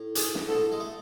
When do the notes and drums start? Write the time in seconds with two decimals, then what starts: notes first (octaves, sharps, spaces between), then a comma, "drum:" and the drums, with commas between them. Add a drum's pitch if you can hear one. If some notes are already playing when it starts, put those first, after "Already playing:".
Already playing: A2
0.15 G#4, drum: hi-hat
0.35 drum: snare
0.48 G#2 A4
0.56 A2
0.72 G#3
0.80 A3